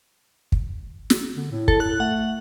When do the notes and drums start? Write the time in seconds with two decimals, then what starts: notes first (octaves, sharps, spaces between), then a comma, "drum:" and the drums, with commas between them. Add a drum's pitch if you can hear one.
0.52 drum: kick
1.10 drum: snare
1.36 D3
1.51 A2
1.68 A4, drum: kick
1.80 F#6
2.00 A3 F#5